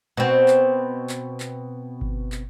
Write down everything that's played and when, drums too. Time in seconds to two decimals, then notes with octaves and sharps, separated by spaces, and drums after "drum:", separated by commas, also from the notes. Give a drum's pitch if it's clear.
0.17 B2 C4
0.48 drum: clap
1.09 drum: clap
1.40 drum: clap
2.01 drum: kick G1
2.32 drum: clap